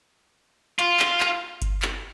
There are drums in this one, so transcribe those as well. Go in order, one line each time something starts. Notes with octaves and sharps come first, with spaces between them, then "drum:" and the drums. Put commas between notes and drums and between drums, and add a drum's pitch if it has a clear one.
F4, drum: hi-hat
drum: clap
drum: clap
drum: kick G1, hi-hat
drum: clap